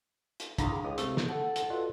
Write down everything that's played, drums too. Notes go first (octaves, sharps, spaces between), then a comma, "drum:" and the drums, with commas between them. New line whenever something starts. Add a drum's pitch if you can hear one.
drum: hi-hat
D3 D#3 D4 E4 G#4 F5, drum: kick, hi-hat
C#2 G#4 D#6
C3 G#3 A3, drum: hi-hat
drum: snare
A4 F#5
drum: hi-hat
F4 F#4 B4 D5 D#5 F5